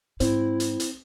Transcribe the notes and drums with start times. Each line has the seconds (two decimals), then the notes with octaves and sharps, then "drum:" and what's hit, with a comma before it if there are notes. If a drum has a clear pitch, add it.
0.20 G#2 C4 E4, drum: hi-hat
0.60 drum: hi-hat
0.80 drum: hi-hat